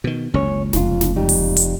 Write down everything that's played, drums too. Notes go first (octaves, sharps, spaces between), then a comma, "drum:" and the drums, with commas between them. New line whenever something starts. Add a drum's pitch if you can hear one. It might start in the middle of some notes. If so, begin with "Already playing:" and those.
B2 D#3
F#1 C#2 C#4 C#5
F1 F2 F4, drum: snare
drum: snare
F2 G3 D#4
drum: open hi-hat
drum: hi-hat